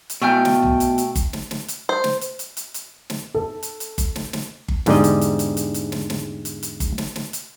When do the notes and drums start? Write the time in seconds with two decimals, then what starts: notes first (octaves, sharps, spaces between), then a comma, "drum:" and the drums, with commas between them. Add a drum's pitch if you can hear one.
0.10 drum: hi-hat
0.22 B2 A3 G5 G#5 F6
0.45 drum: snare
0.63 drum: tom C2
0.80 drum: hi-hat
0.98 drum: hi-hat
1.15 drum: kick G1, hi-hat
1.33 drum: snare
1.51 drum: snare
1.68 drum: hi-hat
1.89 C5
2.04 drum: snare
2.21 drum: hi-hat
2.39 drum: hi-hat
2.57 drum: hi-hat
2.74 drum: hi-hat
3.10 drum: snare
3.35 A4
3.63 drum: hi-hat
3.80 drum: hi-hat
3.98 drum: kick G1, hi-hat
4.16 drum: snare
4.33 drum: snare
4.68 drum: kick G1
4.86 E2 G#2 D3 G3 D5 D#5, drum: snare
5.04 drum: hi-hat
5.21 drum: hi-hat
5.39 drum: hi-hat
5.57 drum: hi-hat
5.74 drum: hi-hat
5.92 drum: snare
6.10 drum: snare
6.45 drum: hi-hat
6.63 drum: hi-hat
6.80 drum: kick G1, hi-hat
6.98 drum: snare
7.16 drum: snare
7.33 drum: hi-hat